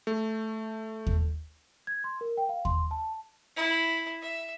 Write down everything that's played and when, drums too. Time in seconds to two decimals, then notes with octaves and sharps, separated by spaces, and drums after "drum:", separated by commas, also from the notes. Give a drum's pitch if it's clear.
0.07 A3
1.07 drum: kick D#2
1.87 G#6
2.04 C6
2.21 A#4
2.37 G5
2.49 F5
2.65 C6, drum: kick D#2
2.91 A5
3.56 E4
4.22 E5